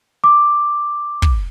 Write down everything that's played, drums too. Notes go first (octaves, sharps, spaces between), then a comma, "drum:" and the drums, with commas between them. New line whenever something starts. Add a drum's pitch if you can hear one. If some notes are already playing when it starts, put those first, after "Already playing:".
D6
drum: kick